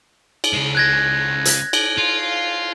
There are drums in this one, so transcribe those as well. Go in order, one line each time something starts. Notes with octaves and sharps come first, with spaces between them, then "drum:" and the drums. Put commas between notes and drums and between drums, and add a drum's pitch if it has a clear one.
drum: cymbal
C#3 G#3
F#6 G#6 A#6
drum: hi-hat
drum: cymbal
F4